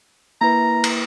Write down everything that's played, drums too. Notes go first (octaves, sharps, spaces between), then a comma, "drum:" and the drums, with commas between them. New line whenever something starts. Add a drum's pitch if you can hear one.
A#3 E4 B4 A#5
drum: cymbal